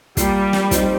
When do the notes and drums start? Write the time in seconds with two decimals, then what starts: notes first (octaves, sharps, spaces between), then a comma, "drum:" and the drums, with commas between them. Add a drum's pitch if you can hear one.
0.17 G3 A#3 F4 A#4, drum: kick, hi-hat
0.53 drum: snare
0.71 F3 C4 D#4, drum: kick, hi-hat